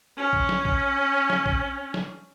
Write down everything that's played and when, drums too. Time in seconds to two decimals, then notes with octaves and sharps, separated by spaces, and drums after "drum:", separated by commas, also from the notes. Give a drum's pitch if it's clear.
0.17 C#4
0.33 drum: kick A#1
0.49 drum: snare
0.65 drum: kick A#1
1.30 drum: snare
1.46 drum: kick A#1
1.94 drum: snare